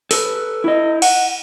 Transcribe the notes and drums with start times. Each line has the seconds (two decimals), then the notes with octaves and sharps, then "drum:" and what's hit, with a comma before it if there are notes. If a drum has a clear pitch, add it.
0.11 A4 B4, drum: open hi-hat
0.64 E4 D#5
1.02 F#5, drum: cymbal